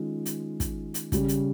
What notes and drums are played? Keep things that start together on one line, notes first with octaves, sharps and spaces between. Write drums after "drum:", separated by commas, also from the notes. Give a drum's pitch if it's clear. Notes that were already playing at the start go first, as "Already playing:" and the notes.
Already playing: D#3 G#3 C#4 F4
drum: hi-hat
drum: kick, hi-hat
drum: hi-hat
C#3 G3 C#4, drum: kick, hi-hat
drum: hi-hat